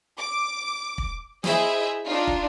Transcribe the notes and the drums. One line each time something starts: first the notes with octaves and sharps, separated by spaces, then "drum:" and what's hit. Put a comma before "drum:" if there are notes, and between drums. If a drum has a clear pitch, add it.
D6
drum: kick
E4 G#4 C5 D#5 E5, drum: snare
D4 D#4 F4
drum: kick